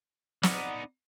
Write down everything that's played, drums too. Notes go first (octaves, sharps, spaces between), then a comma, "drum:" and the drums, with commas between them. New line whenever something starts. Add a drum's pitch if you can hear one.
B3 D#4 D5 F#5 D#6, drum: snare